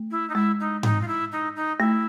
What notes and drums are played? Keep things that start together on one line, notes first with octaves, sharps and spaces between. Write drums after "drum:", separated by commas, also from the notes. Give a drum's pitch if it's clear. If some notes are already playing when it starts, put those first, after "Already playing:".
Already playing: A3
E4
D#4
G#3 E4
D#4
D#4, drum: tom G#2
F4
E4
D#4
D#4
A3 E4